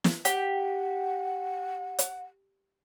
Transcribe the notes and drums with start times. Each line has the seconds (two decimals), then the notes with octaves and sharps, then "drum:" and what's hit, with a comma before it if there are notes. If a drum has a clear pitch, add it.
0.04 drum: snare
0.25 G4 F#5, drum: hi-hat
1.99 drum: hi-hat